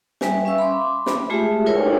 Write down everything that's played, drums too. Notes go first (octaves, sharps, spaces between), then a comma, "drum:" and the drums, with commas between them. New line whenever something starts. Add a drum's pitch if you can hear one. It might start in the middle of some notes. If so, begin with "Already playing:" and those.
G3 B4 E5 G#5, drum: snare
C#4 E5 F5 C#6 E6
B5 C6 D6
B5, drum: snare
G#3 A3 F4 G4 G#4 E5
E4 F4 A#4 B4 C#5
drum: cymbal